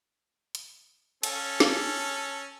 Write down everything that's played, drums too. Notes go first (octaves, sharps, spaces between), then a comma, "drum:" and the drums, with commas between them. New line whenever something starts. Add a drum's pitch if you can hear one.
drum: hi-hat
C#4 A4, drum: cymbal
drum: snare